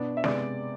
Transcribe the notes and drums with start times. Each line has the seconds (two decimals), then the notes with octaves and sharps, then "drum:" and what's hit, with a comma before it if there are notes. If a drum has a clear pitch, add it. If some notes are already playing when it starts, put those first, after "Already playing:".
Already playing: B2 B3 D4
0.17 E5
0.24 C3 G#3 B3 D5, drum: snare